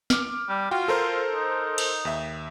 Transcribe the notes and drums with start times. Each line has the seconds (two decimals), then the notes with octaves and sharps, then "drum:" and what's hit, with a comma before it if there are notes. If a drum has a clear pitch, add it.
0.10 D6 F6, drum: snare
0.49 G3
0.71 F4 F#4 G5
0.88 A4 A#4 C5
1.32 D#4
1.78 drum: cymbal
2.05 D#2 E5